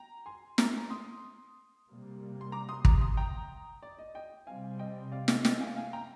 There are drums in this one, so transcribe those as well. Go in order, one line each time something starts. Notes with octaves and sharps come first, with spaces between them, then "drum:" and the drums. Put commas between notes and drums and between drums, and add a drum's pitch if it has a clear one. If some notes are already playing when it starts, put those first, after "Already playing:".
Already playing: G5 A#5
G#5 C6
A#5 D6, drum: snare
C6 D#6
C3 G3 A#3
C6
A#5 D6
C6 D#6
A#5 D6, drum: kick
C6 D#6
G5 A#5
D5
D#5
D#5 G5
C3 G3 C4 F5 G#5
D#5 G5
D5 F5
D#5 G5, drum: snare
D#5 G5, drum: snare
F5 G#5
F5 G#5
G5 A#5